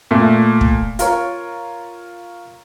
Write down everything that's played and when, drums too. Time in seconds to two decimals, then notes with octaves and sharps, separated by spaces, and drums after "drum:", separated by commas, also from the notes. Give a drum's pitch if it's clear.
0.11 A#2 A3
0.61 drum: kick
0.99 F4 A#4 C#5, drum: hi-hat